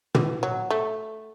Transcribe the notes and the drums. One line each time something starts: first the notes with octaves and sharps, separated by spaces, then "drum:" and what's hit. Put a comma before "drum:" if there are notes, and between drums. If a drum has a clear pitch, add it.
E3, drum: tom
F#3
A3